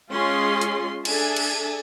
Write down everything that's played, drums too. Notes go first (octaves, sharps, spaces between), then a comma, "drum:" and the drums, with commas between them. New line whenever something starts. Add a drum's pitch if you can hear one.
G#3 C#4 F4 G#4 C6
drum: hi-hat
D4 G#4 A4 E5 G#5 A5, drum: cymbal
drum: cymbal